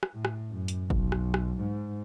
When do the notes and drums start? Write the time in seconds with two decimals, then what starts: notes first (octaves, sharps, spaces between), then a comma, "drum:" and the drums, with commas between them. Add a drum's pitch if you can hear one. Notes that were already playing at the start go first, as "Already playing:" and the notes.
0.03 drum: rim click
0.14 A2
0.25 drum: rim click
0.50 F#2
0.68 drum: hi-hat
0.90 B1, drum: kick
1.12 drum: rim click
1.34 drum: rim click
1.60 G#2